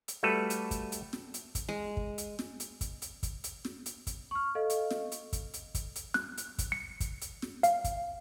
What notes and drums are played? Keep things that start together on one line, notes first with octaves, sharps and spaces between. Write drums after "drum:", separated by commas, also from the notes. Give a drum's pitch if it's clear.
drum: hi-hat
G3 A3 F#4 A4 B4
drum: hi-hat
drum: kick, hi-hat
drum: hi-hat
drum: snare
drum: hi-hat
drum: kick, hi-hat
G#3
drum: kick
drum: hi-hat
drum: snare
drum: hi-hat
drum: kick, hi-hat
drum: hi-hat
drum: kick, hi-hat
drum: hi-hat
drum: snare
drum: hi-hat
drum: kick, hi-hat
C#6 F6
A4 D#5 F5
drum: hi-hat
drum: snare
drum: hi-hat
drum: kick, hi-hat
drum: hi-hat
drum: kick, hi-hat
drum: hi-hat
F#6, drum: snare
drum: hi-hat
drum: kick, hi-hat
C#7
drum: kick, hi-hat
drum: hi-hat
drum: snare
F5, drum: hi-hat
drum: kick, hi-hat